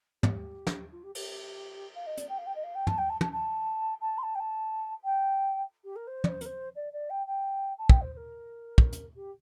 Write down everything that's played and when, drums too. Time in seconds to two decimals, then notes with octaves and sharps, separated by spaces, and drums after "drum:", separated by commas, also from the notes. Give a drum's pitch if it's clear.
0.23 G4, drum: tom
0.67 drum: snare
0.92 F4
1.03 G4
1.15 G4, drum: cymbal
1.95 F5
2.06 D#5
2.17 D5, drum: hi-hat
2.29 G5
2.38 F5
2.46 G5
2.55 D#5
2.63 F5
2.75 G5
2.87 A5, drum: tom
2.98 G5
3.09 A5
3.21 A5, drum: tom
3.32 A5
4.01 A5
4.18 C6
4.23 A5
4.35 G5
4.40 A5
5.04 G5
5.84 G4
5.96 A#4
6.07 C5
6.24 D5, drum: tom
6.28 C5
6.41 A#4, drum: hi-hat
6.45 C5
6.75 D5
6.92 D5
7.10 G5
7.27 G5
7.78 A5
7.89 G5, drum: kick
8.01 C5
8.13 C5
8.17 A#4
8.78 drum: kick
8.92 drum: hi-hat
9.15 G4